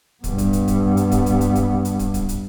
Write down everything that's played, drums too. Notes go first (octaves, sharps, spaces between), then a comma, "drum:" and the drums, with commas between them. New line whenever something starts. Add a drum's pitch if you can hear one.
G2 B3, drum: kick, hi-hat
drum: kick, hi-hat
drum: hi-hat
drum: kick, hi-hat
drum: hi-hat
drum: kick, hi-hat
drum: kick, hi-hat
drum: hi-hat
drum: kick, hi-hat
drum: hi-hat
drum: kick, hi-hat
drum: kick, hi-hat
drum: hi-hat